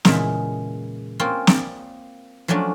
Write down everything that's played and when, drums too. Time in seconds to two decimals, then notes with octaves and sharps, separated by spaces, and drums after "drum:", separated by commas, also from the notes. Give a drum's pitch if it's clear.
0.05 E2 A#2 C#3 G#3 E5, drum: snare
1.20 A#3 C4 C#4 F4
1.47 D5, drum: snare
2.48 F3 F#3 A3 C#4 D4